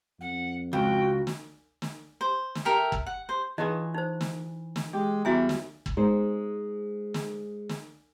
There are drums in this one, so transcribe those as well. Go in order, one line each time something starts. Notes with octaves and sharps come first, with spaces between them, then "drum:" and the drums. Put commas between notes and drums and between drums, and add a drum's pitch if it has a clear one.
F2 F#5
C#2 F#4 G5
drum: snare
drum: snare
C5
drum: snare
G4 A4 A#4 E5
drum: kick
F#5
C5
E3 D#4 F4 G#4 B4 C#5 D#5
D#4 C5
drum: snare
drum: snare
G#3 G4
E2 G3 F#4 C#5 E5 G#5 A#5
drum: snare
drum: kick
G#3 D#4 C5
drum: snare
drum: snare